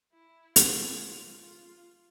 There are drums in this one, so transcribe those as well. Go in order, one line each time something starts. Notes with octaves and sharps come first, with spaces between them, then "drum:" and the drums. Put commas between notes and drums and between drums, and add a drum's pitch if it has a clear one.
E4
F4, drum: hi-hat
F4
F4